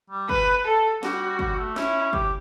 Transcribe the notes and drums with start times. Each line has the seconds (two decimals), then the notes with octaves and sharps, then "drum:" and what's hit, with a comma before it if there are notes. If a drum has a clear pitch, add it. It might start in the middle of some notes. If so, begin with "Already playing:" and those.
0.10 G3
0.29 B4, drum: kick
0.66 A4
1.03 G3 F#4, drum: snare
1.39 G3, drum: kick
1.58 A3
1.76 C#4 E4, drum: snare
2.13 G4, drum: kick